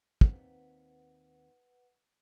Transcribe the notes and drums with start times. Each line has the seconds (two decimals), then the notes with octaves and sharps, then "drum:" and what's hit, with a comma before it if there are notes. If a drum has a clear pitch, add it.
0.21 D#2 C4 B4 F#5, drum: kick